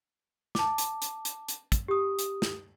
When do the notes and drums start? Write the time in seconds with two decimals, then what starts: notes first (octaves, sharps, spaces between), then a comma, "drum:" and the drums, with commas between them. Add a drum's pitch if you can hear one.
0.55 A5 D6, drum: snare
0.78 drum: hi-hat
1.02 drum: hi-hat
1.25 drum: hi-hat
1.48 drum: hi-hat
1.72 drum: kick, hi-hat
1.88 G4 D#6
2.19 drum: hi-hat
2.42 drum: snare